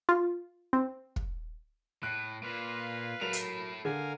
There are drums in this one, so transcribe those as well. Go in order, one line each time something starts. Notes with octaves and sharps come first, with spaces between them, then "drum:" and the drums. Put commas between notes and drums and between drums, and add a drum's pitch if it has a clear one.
F4
C4
drum: kick
A2 F#6 D7
A#2 B4 F5
F#3 A3 E4 A#4 F7
drum: hi-hat
D3 A#4 F5 G#5